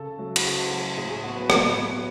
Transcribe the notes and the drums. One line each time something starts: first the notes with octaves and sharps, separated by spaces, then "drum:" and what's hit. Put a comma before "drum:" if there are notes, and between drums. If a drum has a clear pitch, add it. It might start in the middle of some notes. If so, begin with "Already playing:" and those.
Already playing: C#3 A4
F#3 A3
F#4, drum: cymbal
C#3 G#4
F#3 A3
A2 G#4
G#4
F#3 B3 F#4
B4
A2 C#5, drum: rim click
F#3 B3